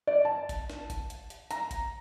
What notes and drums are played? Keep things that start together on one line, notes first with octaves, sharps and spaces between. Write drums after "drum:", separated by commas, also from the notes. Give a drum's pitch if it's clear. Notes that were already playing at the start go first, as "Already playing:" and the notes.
D5
A5
drum: kick F#1, hi-hat
drum: snare
drum: kick F#1, hi-hat
drum: hi-hat
drum: hi-hat
A#5, drum: hi-hat
drum: kick F#1, hi-hat